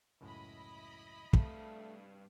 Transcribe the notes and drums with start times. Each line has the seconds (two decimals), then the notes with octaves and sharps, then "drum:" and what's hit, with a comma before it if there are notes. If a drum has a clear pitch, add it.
0.21 C#2 F#2 A2 E4 D#5 B5
1.33 G2 C3 A3 F5 A5, drum: kick